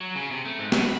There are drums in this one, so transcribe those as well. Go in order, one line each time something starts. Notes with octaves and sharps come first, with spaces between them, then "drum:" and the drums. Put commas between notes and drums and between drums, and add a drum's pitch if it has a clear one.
F#3
C#3
C3
A3
G#2
B2, drum: snare
B5